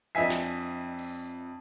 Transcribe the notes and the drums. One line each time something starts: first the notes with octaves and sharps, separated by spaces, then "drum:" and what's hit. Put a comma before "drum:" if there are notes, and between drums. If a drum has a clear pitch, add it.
F2 D4 D#5 E5 G#5 B6
drum: snare
drum: open hi-hat